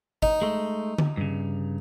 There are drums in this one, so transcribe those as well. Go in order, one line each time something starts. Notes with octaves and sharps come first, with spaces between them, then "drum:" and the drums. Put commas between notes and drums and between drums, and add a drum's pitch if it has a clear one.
D#4, drum: kick G#1
G#3 A3
drum: tom D3
G2 C#3